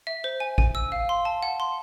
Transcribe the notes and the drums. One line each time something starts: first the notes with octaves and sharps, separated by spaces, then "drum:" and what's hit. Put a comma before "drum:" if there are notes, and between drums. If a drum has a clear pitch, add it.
E5
C5
G#5
G#5, drum: kick A1
E6
F5
C6
A5
F#5
C6